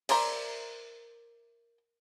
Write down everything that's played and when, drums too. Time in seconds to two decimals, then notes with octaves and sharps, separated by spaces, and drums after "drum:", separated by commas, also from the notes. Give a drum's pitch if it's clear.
0.09 A#4 C5 D5 E5, drum: cymbal